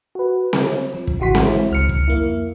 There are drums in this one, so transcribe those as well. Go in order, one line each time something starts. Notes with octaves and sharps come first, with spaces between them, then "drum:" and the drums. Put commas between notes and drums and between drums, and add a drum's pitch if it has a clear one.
F#4 B4
drum: snare C4
F3
drum: kick
G#1 C#3 E3 F#4 C6 B6
G#3 E4, drum: snare C4
C#2 F6 C#7
drum: kick
F2 A#3 E4